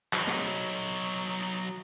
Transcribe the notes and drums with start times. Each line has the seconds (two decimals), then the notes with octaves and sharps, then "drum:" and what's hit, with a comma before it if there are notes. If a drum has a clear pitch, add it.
0.13 F#3 D#4, drum: clap
0.27 drum: snare